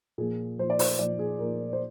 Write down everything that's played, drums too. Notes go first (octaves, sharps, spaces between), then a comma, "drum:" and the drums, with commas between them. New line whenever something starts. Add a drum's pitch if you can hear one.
A#2 F3 G#4
A#2 F3 C5
D5
C5, drum: open hi-hat
A#2 F3 D5
G#4
A#2 F3 A#4
C5